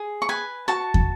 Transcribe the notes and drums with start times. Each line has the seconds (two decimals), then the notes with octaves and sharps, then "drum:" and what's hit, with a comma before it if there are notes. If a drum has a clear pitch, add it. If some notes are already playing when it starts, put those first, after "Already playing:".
Already playing: G#4
0.22 C#6
0.29 B4 G#5 B5
0.68 F#4 A5 C#6
0.94 drum: kick